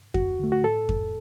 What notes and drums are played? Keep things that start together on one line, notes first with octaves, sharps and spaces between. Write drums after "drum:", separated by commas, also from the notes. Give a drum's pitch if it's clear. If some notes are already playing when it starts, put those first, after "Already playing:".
D2 F#4, drum: kick F2
D3 A3
F#4
A2 A4
drum: kick F2